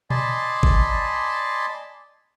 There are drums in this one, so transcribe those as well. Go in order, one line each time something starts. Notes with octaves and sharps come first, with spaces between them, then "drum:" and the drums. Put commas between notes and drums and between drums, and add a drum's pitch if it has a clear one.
D5 D#5 G#5 A5 B5 C6, drum: tom A#2
drum: kick G#1